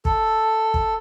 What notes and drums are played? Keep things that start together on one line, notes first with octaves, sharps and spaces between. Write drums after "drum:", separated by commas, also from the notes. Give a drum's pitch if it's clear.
A4, drum: kick
drum: kick